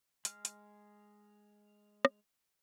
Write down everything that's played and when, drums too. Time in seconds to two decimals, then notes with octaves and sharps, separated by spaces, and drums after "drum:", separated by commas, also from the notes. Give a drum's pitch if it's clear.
0.25 G#3 F6, drum: hi-hat
0.45 drum: hi-hat
2.05 drum: rim click